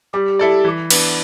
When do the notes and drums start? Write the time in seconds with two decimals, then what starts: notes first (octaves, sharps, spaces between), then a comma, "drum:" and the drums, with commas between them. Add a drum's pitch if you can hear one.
0.14 G3 G4
0.39 E4 A4 D5
0.65 E3
0.90 B3 D4, drum: cymbal